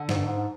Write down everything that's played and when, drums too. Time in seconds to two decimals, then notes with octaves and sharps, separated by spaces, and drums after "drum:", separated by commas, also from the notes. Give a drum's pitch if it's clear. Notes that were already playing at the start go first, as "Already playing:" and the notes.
Already playing: D3
0.09 G#2, drum: snare
0.17 G2
0.24 G#2